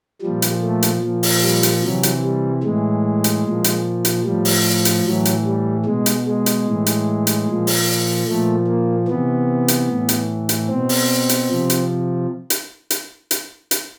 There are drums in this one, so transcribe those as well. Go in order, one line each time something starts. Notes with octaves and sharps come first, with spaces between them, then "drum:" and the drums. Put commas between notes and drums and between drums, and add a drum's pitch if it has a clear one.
A#2 F3 G3
drum: hi-hat
A3
drum: hi-hat
A#2 F3
drum: open hi-hat
G3
drum: hi-hat
C3 E3 F#3
drum: hi-hat
G3
A2 E3 G#3
drum: hi-hat
A#2 F3
drum: hi-hat
drum: hi-hat
A2 F3 G3
drum: open hi-hat
drum: hi-hat
A2 E3 F#3
drum: hi-hat
G3
B2 G#3
drum: hi-hat
G#3
drum: hi-hat
A2 E3
drum: hi-hat
drum: hi-hat
A#2 F3
drum: open hi-hat
A#2 F3 A3
A#3
C3 E3 B3
drum: hi-hat
A2 E3
drum: hi-hat
drum: hi-hat
B2 C4
drum: open hi-hat
drum: hi-hat
C3 F3
drum: hi-hat
drum: hi-hat
drum: hi-hat
drum: hi-hat
drum: hi-hat